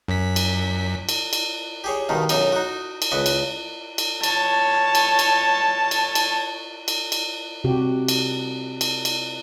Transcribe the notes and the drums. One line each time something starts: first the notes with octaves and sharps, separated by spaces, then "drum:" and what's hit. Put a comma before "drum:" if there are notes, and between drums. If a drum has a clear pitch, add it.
F#2 B6
drum: cymbal
drum: cymbal
drum: cymbal
G4 G#4 C#5
G2 B2 D#3 D#4
B1 F#2 D#4 A#5, drum: cymbal
D#4 F#4
drum: cymbal
C#2 B4 D#5 C#6
drum: cymbal
drum: cymbal
C#5 A5, drum: cymbal
drum: cymbal
drum: cymbal
drum: cymbal
drum: cymbal
drum: cymbal
drum: cymbal
C3 F#4 G4
drum: cymbal
drum: cymbal
drum: cymbal